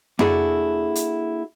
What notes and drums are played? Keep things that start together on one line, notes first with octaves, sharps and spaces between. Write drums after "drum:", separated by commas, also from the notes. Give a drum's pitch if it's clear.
A#3 D4 E4 F#4 G#4 A4, drum: tom F2
drum: hi-hat